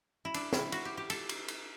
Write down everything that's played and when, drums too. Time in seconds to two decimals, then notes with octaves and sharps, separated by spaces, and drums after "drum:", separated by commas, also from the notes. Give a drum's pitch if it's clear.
0.25 E4
0.34 D4, drum: cymbal
0.53 E4, drum: snare
0.72 F#4, drum: cymbal
0.85 G4
0.97 G4
1.10 A4, drum: cymbal
1.29 drum: cymbal
1.48 drum: cymbal